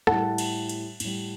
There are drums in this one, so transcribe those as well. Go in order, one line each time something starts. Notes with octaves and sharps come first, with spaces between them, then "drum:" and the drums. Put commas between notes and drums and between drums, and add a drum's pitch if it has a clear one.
A2 G3 F#5 A5, drum: rim click
drum: cymbal
drum: cymbal
A2 G3, drum: cymbal